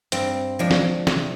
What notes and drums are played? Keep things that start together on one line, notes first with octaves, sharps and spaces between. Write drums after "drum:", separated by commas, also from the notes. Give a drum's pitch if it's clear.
G2 C4, drum: hi-hat
F3 G#3 D4
drum: snare
C3, drum: snare